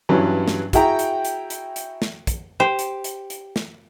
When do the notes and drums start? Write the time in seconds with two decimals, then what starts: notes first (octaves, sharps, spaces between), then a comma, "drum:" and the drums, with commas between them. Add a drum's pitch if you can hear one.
0.09 G2 E3 F#3 C#4
0.48 drum: snare
0.73 E4 F#4 G#4 E5 G5 A#5, drum: kick, hi-hat
0.99 drum: hi-hat
1.25 drum: hi-hat
1.50 drum: hi-hat
1.76 drum: hi-hat
2.02 drum: snare
2.27 drum: kick, hi-hat
2.60 G4 C5
2.79 drum: hi-hat
3.04 drum: hi-hat
3.30 drum: hi-hat
3.56 drum: snare